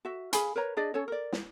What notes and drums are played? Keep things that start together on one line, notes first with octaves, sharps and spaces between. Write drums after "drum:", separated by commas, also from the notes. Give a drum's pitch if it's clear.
F#4 E5
G#4 F5 G#5 B5, drum: hi-hat
A#4 B4 C#5 A#5
D4 G#4 D5 D#5
C#4 A4 C#5
A#4 D5
drum: snare